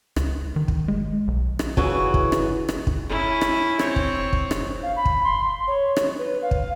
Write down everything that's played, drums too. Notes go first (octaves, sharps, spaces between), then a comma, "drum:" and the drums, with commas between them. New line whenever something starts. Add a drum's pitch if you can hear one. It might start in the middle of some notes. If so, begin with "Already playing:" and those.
C#2, drum: rim click
D#3
drum: kick
G#3
B1
drum: rim click
C#3 E3 F#4, drum: kick
drum: kick
drum: rim click
drum: rim click
drum: kick
C#4 E4
drum: rim click
C4 C#5, drum: rim click
drum: kick
drum: kick
drum: rim click
F5
B5
drum: kick
C6
C#5
drum: rim click
B4
F5
drum: kick